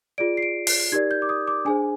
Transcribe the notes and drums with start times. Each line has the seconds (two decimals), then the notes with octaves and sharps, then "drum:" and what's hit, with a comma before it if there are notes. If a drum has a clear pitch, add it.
0.18 F4 G#4 D5 D7
0.37 C7
0.43 D7
0.67 C7, drum: open hi-hat
0.92 D#4 G4 A#4 D5 G#6
1.11 G6
1.22 D6
1.29 D#6
1.47 D6
1.65 D4 G#4 C5 G#5